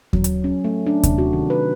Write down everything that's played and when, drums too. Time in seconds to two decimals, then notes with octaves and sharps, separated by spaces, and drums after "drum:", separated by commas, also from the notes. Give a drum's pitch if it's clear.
0.13 F#3, drum: kick D#2
0.24 drum: hi-hat
0.44 C#4
0.64 A3
0.87 D4
1.03 C3, drum: kick D#2, hi-hat
1.18 F#4
1.33 D#3
1.50 B4